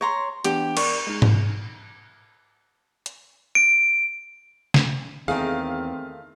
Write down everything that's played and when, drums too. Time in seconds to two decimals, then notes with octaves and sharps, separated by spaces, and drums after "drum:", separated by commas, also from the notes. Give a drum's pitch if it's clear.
0.01 C#5 A#5 C6
0.44 E3 B3 D4 G4, drum: hi-hat
0.77 A#4 D5 C#6, drum: cymbal
1.07 G#3 D#4
1.22 drum: tom G#2
3.06 drum: hi-hat
3.55 D7
4.74 drum: snare
5.28 E2 D#3 A3 C4 G#4 F5